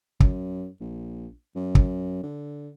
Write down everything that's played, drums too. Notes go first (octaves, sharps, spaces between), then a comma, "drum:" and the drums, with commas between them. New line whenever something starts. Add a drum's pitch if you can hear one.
F#2, drum: kick
A#1
F#2
drum: kick
D3